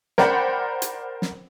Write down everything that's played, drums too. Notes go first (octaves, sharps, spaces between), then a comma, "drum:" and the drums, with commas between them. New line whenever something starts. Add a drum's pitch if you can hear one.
A#4 C5 D5 F#5 G5 B5, drum: snare
drum: hi-hat
drum: snare